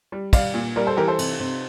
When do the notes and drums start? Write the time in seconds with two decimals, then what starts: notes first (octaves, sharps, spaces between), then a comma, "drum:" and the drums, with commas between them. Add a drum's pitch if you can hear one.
0.12 G3
0.33 G3 D5 F5, drum: kick, cymbal
0.54 A#2
0.76 G3 A#4 D5
0.87 A4 C5
0.97 E3 G4 A#4
1.08 A4 C5
1.18 C3, drum: cymbal
1.40 C3